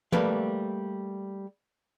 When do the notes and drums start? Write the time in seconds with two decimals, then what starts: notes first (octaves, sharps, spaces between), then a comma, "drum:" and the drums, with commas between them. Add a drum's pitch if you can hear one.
0.12 G3 A3 A#3 A4 B4 F5, drum: tom